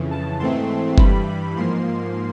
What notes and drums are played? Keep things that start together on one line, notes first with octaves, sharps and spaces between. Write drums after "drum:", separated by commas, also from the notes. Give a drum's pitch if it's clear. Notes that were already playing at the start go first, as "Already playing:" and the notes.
Already playing: F2 C#3 E3
A5
G#2 E3 A3 C4 C6
G2 E3 G3 B5, drum: kick
G#2 F3 A#3 C6